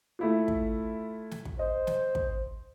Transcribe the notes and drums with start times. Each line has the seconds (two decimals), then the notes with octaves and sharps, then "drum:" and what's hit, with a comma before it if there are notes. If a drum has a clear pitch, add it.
0.19 A3 E4 F4
0.48 drum: kick
1.31 drum: snare
1.45 drum: kick
1.59 C5 D#5
1.87 drum: snare
2.15 drum: kick